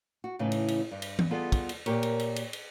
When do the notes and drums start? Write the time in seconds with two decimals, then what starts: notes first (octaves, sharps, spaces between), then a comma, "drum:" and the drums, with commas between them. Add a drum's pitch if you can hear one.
0.24 F#4
0.39 A2 C#3 E3 D#4
0.52 drum: cymbal
0.68 drum: cymbal
0.91 G2
1.02 drum: cymbal
1.19 drum: tom E3
1.31 G3 B3 F4 G#4 A4
1.52 drum: kick, cymbal
1.69 drum: cymbal
1.86 A#2 G4 A#4 C#5, drum: cymbal
2.03 drum: cymbal
2.20 drum: cymbal
2.36 drum: cymbal
2.53 drum: cymbal